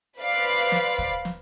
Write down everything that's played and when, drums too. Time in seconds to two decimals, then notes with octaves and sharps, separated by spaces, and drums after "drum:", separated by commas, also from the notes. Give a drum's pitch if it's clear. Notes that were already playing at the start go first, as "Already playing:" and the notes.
0.18 B4 C5 D5 F5 B5
0.72 drum: snare
0.98 drum: kick
1.25 drum: snare